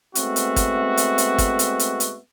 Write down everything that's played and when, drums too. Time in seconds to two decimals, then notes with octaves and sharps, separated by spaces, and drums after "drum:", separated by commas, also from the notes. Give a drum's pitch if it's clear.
0.15 G#3 A3 B3 C4 F#4 E5, drum: hi-hat
0.36 drum: hi-hat
0.56 drum: kick, hi-hat
0.97 drum: hi-hat
1.18 drum: hi-hat
1.38 drum: kick, hi-hat
1.59 drum: hi-hat
1.79 drum: hi-hat
2.00 drum: hi-hat